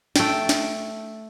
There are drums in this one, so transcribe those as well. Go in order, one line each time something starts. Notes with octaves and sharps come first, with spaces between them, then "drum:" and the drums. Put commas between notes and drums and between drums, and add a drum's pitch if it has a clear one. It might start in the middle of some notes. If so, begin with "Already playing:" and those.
A3 G5, drum: snare
drum: snare